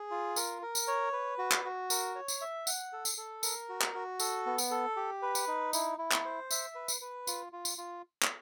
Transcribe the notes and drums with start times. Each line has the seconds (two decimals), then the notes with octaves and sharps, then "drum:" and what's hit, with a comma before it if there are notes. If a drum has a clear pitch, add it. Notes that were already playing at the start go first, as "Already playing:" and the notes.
Already playing: G#4
0.11 F4
0.36 A#4, drum: tambourine
0.62 A#4
0.75 drum: tambourine
0.87 C#5
1.13 B4
1.38 F#4
1.52 drum: clap
1.65 F#4
1.90 A#4, drum: tambourine
2.15 C#5
2.28 drum: tambourine
2.41 E5
2.67 F#5, drum: tambourine
2.93 A4
3.05 drum: tambourine
3.17 A4
3.43 A#4, drum: tambourine
3.69 F#4
3.82 drum: clap
3.95 F#4
4.20 A4, drum: tambourine
4.46 B3
4.58 drum: tambourine
4.71 A4
4.96 G4
5.22 B4
5.35 drum: tambourine
5.48 D#4
5.73 E4, drum: tambourine
5.98 E4
6.12 drum: clap
6.25 C5
6.51 E5, drum: tambourine
6.75 B4
6.88 drum: tambourine
7.01 B4
7.27 F4, drum: tambourine
7.53 F4
7.65 drum: tambourine
7.78 F4
8.23 drum: clap